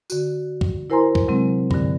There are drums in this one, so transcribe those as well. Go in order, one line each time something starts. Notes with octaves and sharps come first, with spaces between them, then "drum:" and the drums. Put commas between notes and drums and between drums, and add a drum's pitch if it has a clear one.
D3 F#4, drum: tambourine
drum: kick
E4 A#4 C5 G#5 A#5 C6
drum: kick
C3 F#3 G#3 C4
G2 D3, drum: kick